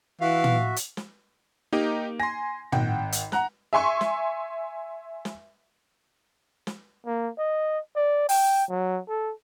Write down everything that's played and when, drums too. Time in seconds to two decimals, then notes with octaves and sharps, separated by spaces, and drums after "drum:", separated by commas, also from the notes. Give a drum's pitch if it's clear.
0.21 E3 F#4 E5 F5
0.44 drum: tom
0.76 drum: hi-hat
0.97 drum: snare
1.73 A#3 D#4 G4 D#5
2.20 G#5 C6 A#6
2.72 G#1 F#5 G5, drum: tom
3.12 drum: hi-hat
3.32 F#5 A#5 F#6, drum: snare
3.73 E5 G#5 C6 C#6
4.01 drum: snare
5.25 drum: snare
6.67 drum: snare
7.06 A#3
7.38 D#5
7.96 D5
8.29 G5, drum: open hi-hat
8.69 F#3
9.08 A4